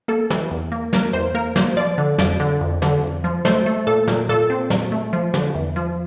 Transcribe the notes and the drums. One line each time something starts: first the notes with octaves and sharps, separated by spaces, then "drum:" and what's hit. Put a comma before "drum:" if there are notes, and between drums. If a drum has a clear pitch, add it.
A#3 A4
E3, drum: snare
E2
A#3
A#3 A#4, drum: snare
E2 C5
A#3 A#4
A#3 C5, drum: snare
F3 D5
D3
F2 D5, drum: snare
D3
F2
D3, drum: snare
F2
F3
A3 C5, drum: snare
A3
A#2 A4
A#2, drum: snare
A#2 A4
C4
A#2, drum: snare
A3
F3
D3, drum: snare
E2
F3